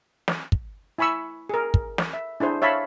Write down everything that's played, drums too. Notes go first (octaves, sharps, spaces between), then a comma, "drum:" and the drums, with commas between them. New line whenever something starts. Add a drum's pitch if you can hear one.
drum: snare
drum: kick
E4 G#5 B5 C#6 E6
G#4 A#4
drum: kick
drum: snare
E5
D4 E4 G#4 C5
C#5 E5 F5 A5 B5